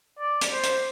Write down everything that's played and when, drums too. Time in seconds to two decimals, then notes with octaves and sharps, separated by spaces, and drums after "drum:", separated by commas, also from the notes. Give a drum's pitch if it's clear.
0.19 D5
0.41 drum: hi-hat
0.52 C5
0.63 drum: hi-hat